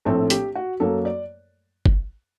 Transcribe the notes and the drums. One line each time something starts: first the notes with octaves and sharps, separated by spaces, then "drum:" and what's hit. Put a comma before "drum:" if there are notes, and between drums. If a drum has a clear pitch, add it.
A#1 A2 A3 C4 A4
G4, drum: hi-hat
F#4
F#2 F#3 A#3 A4
D5
drum: kick